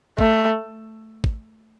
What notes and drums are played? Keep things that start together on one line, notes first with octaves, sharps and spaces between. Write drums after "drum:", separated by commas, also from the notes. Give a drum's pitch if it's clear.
A3, drum: kick
drum: kick